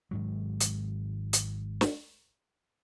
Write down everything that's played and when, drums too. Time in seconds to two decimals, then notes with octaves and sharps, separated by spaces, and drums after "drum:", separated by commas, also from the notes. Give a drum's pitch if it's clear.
0.11 G#1 G#2 F#3
0.60 drum: hi-hat
1.33 drum: hi-hat
1.81 drum: snare